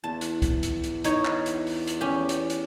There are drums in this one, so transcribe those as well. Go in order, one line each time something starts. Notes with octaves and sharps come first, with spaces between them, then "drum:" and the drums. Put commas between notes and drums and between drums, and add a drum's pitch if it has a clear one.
E2 A5
drum: hi-hat
drum: kick C2, hi-hat
drum: hi-hat
drum: hi-hat
D#4 C#5, drum: hi-hat
drum: clap
drum: hi-hat
drum: open hi-hat
drum: hi-hat
C#4 G4
drum: hi-hat
drum: hi-hat